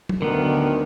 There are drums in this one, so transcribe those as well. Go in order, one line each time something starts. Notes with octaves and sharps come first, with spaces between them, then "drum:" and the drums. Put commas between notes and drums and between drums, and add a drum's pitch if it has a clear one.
drum: tom F#3
D2 D3 D#3 B3 A#4